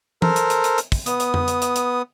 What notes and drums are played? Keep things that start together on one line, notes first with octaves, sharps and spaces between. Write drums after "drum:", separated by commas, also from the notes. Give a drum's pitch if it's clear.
A4 A#4 C5 A#5, drum: tom E3
drum: hi-hat
drum: hi-hat
drum: hi-hat
drum: hi-hat
drum: kick, open hi-hat
B3 D#6, drum: hi-hat
drum: hi-hat
drum: tom F2
drum: hi-hat
drum: hi-hat
drum: hi-hat